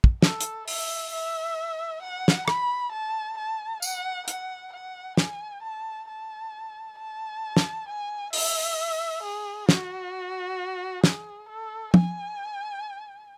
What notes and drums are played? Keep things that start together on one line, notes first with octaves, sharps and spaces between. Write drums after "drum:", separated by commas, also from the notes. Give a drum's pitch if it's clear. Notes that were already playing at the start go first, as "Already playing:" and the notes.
drum: kick
A4, drum: snare
drum: hi-hat
E5, drum: open hi-hat
E5
F#5
drum: snare
B5, drum: rim click
A5
A5
F#5, drum: tambourine
F#5, drum: hi-hat
F#5
G#5, drum: snare
A5
A5
A5
drum: snare
G#5
E5, drum: open hi-hat
G#4
F#4, drum: snare
G#4, drum: snare
A4
G#5, drum: tom